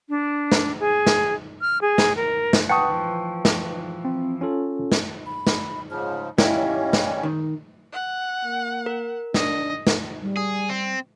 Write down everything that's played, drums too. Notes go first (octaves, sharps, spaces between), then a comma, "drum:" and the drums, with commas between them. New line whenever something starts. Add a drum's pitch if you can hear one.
D4
drum: snare
G#4
drum: snare
F6
G#4
drum: snare
A#4
drum: snare
B4 F#5 G5 A5 C#6 D#6
E3 F3
drum: snare
C4
C#4 F4 A4
drum: snare
B5
drum: snare
G#2 C#3 F3 F6
G3 C#4 E4 D#5 F5 G5, drum: snare
drum: snare
D#3
F#5
A#3
A#4
D4 D#5, drum: snare
drum: snare
G3
G#4
C4